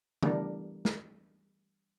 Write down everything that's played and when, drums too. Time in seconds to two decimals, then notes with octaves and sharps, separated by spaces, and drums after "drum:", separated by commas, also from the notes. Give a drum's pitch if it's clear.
0.23 E3 G3 A3 B3 D4 A#4, drum: tom C#3
0.85 drum: snare